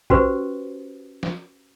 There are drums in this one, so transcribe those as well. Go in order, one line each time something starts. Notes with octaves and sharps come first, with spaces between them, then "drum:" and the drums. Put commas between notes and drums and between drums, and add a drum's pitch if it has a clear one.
C#4 F#4 G4 B4 C5, drum: kick A#1
drum: snare